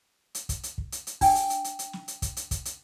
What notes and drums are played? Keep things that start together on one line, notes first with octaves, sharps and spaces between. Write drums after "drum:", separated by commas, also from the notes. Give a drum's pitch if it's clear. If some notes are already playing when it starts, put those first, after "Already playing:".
drum: hi-hat
drum: kick, hi-hat
drum: hi-hat
drum: kick
drum: hi-hat
drum: hi-hat
D4 G5, drum: kick, open hi-hat
drum: hi-hat
drum: hi-hat
drum: hi-hat
drum: hi-hat
drum: snare
drum: hi-hat
drum: kick, hi-hat
drum: hi-hat
drum: kick, hi-hat
drum: hi-hat